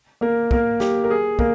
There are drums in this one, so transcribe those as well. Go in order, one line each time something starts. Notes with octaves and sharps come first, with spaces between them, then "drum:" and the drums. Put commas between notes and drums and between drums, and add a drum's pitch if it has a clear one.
A#3 A#4
A#3 A#4, drum: kick
G4, drum: snare
A#4
G#4
A#3 A#4, drum: kick